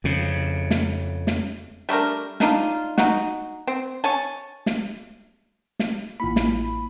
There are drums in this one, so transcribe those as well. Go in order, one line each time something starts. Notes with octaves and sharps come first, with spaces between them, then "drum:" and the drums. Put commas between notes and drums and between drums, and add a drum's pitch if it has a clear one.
F2 C#3
drum: snare
drum: snare
G3 A3 D4 A#4
G3 D4 D#4 F4, drum: snare
D#4 F#4, drum: snare
C4
C#5 G#5 A5
drum: snare
drum: snare
A1 A#3 E4 F4 B5
drum: snare